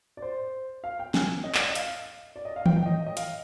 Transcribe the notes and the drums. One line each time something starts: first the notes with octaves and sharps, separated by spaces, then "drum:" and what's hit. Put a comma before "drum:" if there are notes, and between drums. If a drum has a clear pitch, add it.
D5
C5
F5
G5
G#5, drum: snare
D#5
D5, drum: clap
D#5
F5, drum: hi-hat
D5
D#5
F5
G5, drum: tom D#3
G5
D#5
D#5
F5, drum: hi-hat